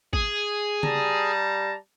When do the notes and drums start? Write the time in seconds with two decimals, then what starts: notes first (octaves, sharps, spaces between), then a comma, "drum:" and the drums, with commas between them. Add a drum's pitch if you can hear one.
0.13 G#4, drum: kick G#1
0.83 G3 A5 A#5, drum: tom C#3